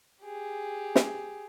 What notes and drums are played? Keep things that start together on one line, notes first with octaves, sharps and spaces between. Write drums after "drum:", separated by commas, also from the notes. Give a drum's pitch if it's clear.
G4 G#4
drum: snare